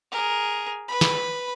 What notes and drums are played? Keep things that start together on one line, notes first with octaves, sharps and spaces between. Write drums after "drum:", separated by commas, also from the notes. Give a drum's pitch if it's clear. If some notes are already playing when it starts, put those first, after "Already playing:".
G#4 A#4
B4 B5
drum: snare